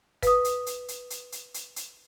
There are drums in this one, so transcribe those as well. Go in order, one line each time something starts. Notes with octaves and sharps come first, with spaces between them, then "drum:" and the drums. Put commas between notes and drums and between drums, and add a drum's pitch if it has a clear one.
B4 D#6, drum: kick F#1, hi-hat
drum: hi-hat
drum: hi-hat
drum: hi-hat
drum: hi-hat
drum: hi-hat
drum: hi-hat
drum: hi-hat